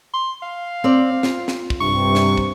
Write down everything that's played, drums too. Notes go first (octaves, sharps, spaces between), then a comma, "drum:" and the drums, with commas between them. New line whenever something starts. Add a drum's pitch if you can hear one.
C6
F5
C4 D5
F4, drum: snare
drum: snare
drum: kick
G2 C3 C#6
drum: snare
drum: kick